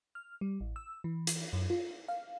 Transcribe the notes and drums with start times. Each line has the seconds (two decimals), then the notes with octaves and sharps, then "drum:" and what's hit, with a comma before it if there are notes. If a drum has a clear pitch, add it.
0.15 F6
0.41 G3
0.60 A1
0.76 E6
1.04 E3
1.27 drum: hi-hat
1.53 F#2
1.70 F4
2.08 F5